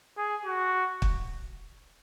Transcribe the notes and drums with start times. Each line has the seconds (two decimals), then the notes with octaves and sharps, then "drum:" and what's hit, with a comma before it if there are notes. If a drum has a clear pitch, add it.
0.18 G#4
0.45 F#4
1.02 drum: kick